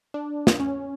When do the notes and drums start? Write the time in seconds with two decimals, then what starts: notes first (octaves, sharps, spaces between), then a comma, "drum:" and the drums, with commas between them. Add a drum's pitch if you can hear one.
0.14 D4
0.47 drum: snare
0.60 C#4